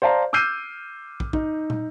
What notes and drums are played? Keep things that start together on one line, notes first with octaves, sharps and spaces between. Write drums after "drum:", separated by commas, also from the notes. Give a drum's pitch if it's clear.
C5 D5 F5 A5 A#5
D6 E6 F6 G6 C7 D#7
drum: kick
D#4, drum: kick
drum: tom